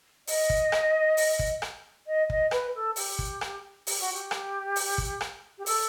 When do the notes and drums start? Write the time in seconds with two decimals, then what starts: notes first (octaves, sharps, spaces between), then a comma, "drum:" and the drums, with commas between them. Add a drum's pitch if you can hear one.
0.27 D#5, drum: open hi-hat
0.50 drum: kick
0.72 drum: rim click
1.17 drum: open hi-hat
1.39 drum: kick
1.62 drum: rim click
2.06 D#5
2.30 D#5, drum: kick
2.51 B4, drum: rim click
2.75 A4
2.96 G4, drum: open hi-hat
3.19 drum: kick
3.41 drum: rim click
3.87 G4, drum: open hi-hat
3.99 F#4
4.13 G4
4.31 drum: rim click
4.76 drum: open hi-hat
4.98 drum: kick
5.21 drum: rim click
5.57 G4
5.66 A4, drum: open hi-hat